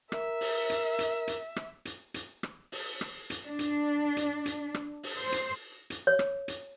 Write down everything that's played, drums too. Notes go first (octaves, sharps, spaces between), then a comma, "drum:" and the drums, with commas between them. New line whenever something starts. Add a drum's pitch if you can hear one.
A#4 E5, drum: rim click
drum: open hi-hat
drum: hi-hat
drum: hi-hat
drum: hi-hat
drum: rim click
drum: hi-hat
drum: hi-hat
drum: rim click
drum: open hi-hat
drum: rim click
drum: hi-hat
D4
drum: hi-hat
drum: hi-hat
drum: hi-hat
drum: rim click
drum: open hi-hat
C5
drum: hi-hat
drum: hi-hat
C#5
drum: rim click
drum: hi-hat